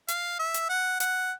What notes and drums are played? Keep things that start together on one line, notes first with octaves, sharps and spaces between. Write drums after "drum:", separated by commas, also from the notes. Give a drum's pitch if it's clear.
F5, drum: hi-hat
E5
drum: hi-hat
F#5
F#5, drum: hi-hat